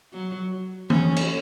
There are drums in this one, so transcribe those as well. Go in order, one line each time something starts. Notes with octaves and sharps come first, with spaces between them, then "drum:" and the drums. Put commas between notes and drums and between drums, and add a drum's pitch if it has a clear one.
F#3
C#4, drum: tom E3
drum: cymbal